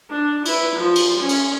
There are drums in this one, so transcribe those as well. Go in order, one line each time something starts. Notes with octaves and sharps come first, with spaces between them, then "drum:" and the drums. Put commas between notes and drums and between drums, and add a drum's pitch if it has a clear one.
D4
E4 B4, drum: cymbal
F3
drum: cymbal
C#4
drum: cymbal